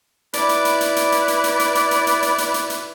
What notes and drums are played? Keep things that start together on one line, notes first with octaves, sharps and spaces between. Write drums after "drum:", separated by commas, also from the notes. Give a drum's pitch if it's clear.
E4 B4 D5, drum: hi-hat
drum: hi-hat
drum: hi-hat
drum: hi-hat
drum: hi-hat
drum: hi-hat
drum: hi-hat
drum: hi-hat
drum: hi-hat
drum: hi-hat
drum: hi-hat
drum: hi-hat
drum: hi-hat
drum: hi-hat
drum: hi-hat
drum: hi-hat